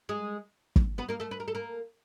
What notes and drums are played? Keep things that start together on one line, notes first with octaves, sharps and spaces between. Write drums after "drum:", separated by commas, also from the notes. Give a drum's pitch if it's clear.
G#3 G#4
drum: kick
B3 B4
A#3 A#4
A3 A4
B4
A#4
A4
A#3 A#4